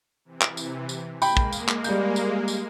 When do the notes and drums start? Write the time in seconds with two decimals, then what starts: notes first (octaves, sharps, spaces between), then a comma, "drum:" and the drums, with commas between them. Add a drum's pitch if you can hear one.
0.25 C3 E3
0.41 drum: clap
0.57 drum: tambourine
0.89 drum: tambourine
1.22 G#3 A#3 G5 B5, drum: tambourine
1.37 drum: kick
1.53 drum: tambourine
1.68 drum: clap
1.84 G3 G6, drum: tambourine
2.16 drum: tambourine
2.48 drum: tambourine